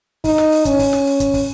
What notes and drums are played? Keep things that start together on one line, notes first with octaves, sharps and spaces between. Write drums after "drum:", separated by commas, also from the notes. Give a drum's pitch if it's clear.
D#4, drum: kick, open hi-hat
drum: snare
drum: open hi-hat
C#4, drum: kick, hi-hat
drum: kick, open hi-hat
drum: snare
drum: open hi-hat
drum: kick, hi-hat
drum: kick, open hi-hat